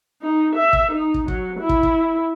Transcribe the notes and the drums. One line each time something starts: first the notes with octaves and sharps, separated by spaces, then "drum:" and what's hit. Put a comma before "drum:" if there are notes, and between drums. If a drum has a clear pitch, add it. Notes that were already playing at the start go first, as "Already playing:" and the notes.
D#4
E5
drum: kick
D#4
drum: kick
F#3, drum: kick
E4
drum: kick
drum: kick